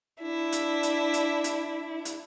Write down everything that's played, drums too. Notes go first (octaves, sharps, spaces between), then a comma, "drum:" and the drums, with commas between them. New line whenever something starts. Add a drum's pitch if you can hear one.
D4 E4
drum: hi-hat
drum: hi-hat
drum: hi-hat
drum: hi-hat
drum: hi-hat